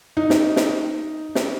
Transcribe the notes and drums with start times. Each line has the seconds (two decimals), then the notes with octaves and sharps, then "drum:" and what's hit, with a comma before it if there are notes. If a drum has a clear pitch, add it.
0.17 D#4
0.30 drum: snare
0.56 drum: snare
1.35 drum: snare